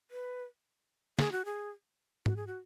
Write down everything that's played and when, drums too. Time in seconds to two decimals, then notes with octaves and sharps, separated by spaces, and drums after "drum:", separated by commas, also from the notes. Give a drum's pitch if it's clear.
0.11 B4
1.19 G#4, drum: snare
1.32 F#4
1.45 G#4
2.26 F#4, drum: tom G#2
2.36 G#4
2.47 F#4